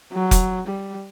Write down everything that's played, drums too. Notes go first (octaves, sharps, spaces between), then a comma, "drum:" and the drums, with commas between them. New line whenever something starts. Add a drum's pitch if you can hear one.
F#3
drum: kick F1, hi-hat
G3